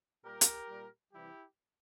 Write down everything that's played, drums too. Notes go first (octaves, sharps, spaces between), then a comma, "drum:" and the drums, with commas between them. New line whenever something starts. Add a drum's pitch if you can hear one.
A#2 G3 G4 A#4
drum: hi-hat
A#2 G3
C3 E3 G3 E4 G4